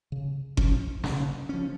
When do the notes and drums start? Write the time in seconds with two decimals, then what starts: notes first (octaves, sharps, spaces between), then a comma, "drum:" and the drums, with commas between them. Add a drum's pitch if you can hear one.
0.12 C#3
0.57 F3 C#4, drum: kick G1
1.04 C#3, drum: snare
1.49 F3 C#4